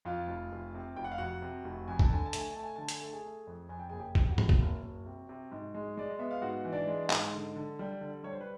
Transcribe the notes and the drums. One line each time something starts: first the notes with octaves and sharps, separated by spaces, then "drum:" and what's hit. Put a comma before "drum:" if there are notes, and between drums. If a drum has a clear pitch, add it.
F2 F4 F5
F1
F1
C3
F1 G5
F#5
F5
F2 F#4 F#5
C3
F1
F2 G#5
A5, drum: kick
D3 G#5
A5
A3 G#5, drum: hi-hat
A5
A3
G#5
D3 A5
G#5, drum: hi-hat
A3 A5
G#4 G#5
A3
F2
F2 G#5
G5
F#1 G#4 G#5
G4 G5
F2, drum: kick
G5
F#4 F#5
C3, drum: tom G#2
drum: kick
F#1
F#1
C3
C3
G#2
G#3
G#3 D5
D#5
B3 E5
F5
G#2 F#4 F#5
E3
D4 D5
G#3
G#2, drum: clap
D3
D3
G3
D3
G3 C#5
C5
B4